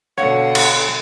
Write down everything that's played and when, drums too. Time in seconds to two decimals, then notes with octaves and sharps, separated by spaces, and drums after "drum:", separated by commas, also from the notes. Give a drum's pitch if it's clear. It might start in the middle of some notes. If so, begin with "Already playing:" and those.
0.18 B2 D3 C#5 F5 F#5
0.55 drum: cymbal